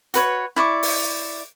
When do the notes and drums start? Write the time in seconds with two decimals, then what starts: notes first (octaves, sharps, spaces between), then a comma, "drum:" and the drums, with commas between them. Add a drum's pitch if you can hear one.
0.14 F#4 B4 C#5, drum: hi-hat
0.56 E4 D5 C#6 D6
0.83 drum: open hi-hat